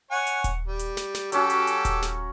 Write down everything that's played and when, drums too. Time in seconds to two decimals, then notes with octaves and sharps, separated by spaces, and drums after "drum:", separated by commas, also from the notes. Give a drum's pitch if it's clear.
0.11 C#5 F#5 G#5
0.27 drum: hi-hat
0.44 drum: kick D#1, hi-hat
0.67 G3
0.79 drum: hi-hat
0.97 drum: snare
1.15 drum: snare
1.32 F#3 C#4 F#4 G4 A4, drum: hi-hat
1.50 drum: hi-hat
1.67 drum: hi-hat
1.85 drum: kick D#1, hi-hat
2.02 drum: snare